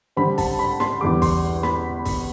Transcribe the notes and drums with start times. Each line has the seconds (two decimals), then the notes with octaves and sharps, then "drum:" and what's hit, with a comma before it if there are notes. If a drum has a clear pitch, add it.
0.16 D3 G3 C4 B5
0.38 A5, drum: kick, open hi-hat
0.59 B5
0.80 C6, drum: snare
1.01 E2 D3 G3 D6
1.22 C6, drum: kick, open hi-hat
1.63 B5, drum: snare
2.05 drum: kick, open hi-hat